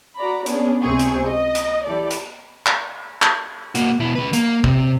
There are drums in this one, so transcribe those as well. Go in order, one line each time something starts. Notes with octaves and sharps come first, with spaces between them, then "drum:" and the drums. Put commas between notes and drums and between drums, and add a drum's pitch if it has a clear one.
F#4 D5 A#5 B5
B3 C#4 D4 G#4, drum: hi-hat
C#2 C3 C4 G#4 C#6
drum: hi-hat
D#5
drum: hi-hat
E3 G4 A4 D5
drum: hi-hat
drum: clap
drum: clap
A#3 F#4, drum: hi-hat
B2 E4
C#3 B4
A#3, drum: hi-hat
C3, drum: kick